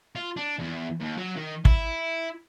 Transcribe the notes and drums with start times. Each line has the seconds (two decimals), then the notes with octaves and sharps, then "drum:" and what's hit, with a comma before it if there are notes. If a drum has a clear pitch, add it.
0.16 F4
0.37 D4
0.59 E2
1.00 D#2
1.18 F#3
1.36 D#3
1.65 E4, drum: kick